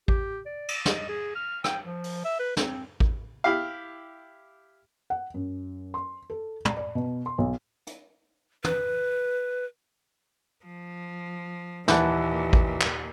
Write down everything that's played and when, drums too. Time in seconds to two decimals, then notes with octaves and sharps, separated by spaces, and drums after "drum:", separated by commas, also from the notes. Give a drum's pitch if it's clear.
0.08 G4, drum: kick A1
0.46 D5
0.68 drum: cymbal
0.85 D#5, drum: snare
1.09 G#4
1.35 F6
1.64 G5, drum: rim click
1.84 F3
2.04 drum: open hi-hat
2.25 E5
2.39 B4
2.57 C4, drum: snare
3.00 drum: kick A1
3.44 E4 G4 F5
5.10 F#5
5.34 F#2
5.94 C6
6.30 A4
6.65 D5, drum: tom
6.77 D5
6.95 B2
7.26 C6
7.38 B1
7.87 drum: hi-hat
8.64 B4, drum: tom
10.65 F3
11.88 D#2 A#2 E3 F#5 A5, drum: snare
12.53 drum: kick A1
12.81 drum: clap